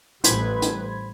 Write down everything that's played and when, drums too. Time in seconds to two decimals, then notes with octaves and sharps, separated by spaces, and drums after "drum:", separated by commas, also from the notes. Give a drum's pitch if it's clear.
0.24 A1 G3 B4 C5 B5 G#6, drum: hi-hat
0.62 drum: hi-hat